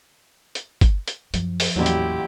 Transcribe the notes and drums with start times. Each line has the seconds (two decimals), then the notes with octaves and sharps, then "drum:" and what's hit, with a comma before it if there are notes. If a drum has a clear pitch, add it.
0.55 drum: hi-hat
0.81 drum: kick G1, hi-hat
1.08 drum: hi-hat
1.34 F#2 F3, drum: hi-hat
1.60 drum: open hi-hat
1.76 A1 E2 A#2 F#3 E4 G4
1.86 drum: hi-hat